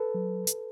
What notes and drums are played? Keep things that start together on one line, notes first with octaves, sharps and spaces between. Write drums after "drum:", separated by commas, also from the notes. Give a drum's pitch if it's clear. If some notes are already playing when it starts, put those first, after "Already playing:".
Already playing: A4 B4
F#3
drum: hi-hat